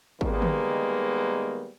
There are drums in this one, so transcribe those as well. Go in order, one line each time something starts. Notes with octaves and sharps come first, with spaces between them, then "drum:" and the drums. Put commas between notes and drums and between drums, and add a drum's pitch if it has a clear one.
D#3 G3 G#3 A#3 B3, drum: kick G#1
drum: tom D3